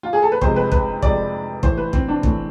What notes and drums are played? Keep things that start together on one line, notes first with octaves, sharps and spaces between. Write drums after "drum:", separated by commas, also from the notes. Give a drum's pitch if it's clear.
F4
G#4
A4
B4
F2 C3 G#3 C5, drum: kick
B4
B4, drum: kick
F2 C3 G#3 D5, drum: kick
A2 E3 A3 C5, drum: kick
B4
C4, drum: kick
D4
A2 E3 A3, drum: kick